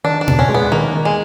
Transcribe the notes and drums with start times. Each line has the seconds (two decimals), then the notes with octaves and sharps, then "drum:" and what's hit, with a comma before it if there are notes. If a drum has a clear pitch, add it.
0.04 D#3 D4
0.21 D4
0.28 B3, drum: tom A#2
0.39 C#4
0.49 G#3
0.54 B3
0.72 D#3 A#3
0.94 D#3
1.05 G#3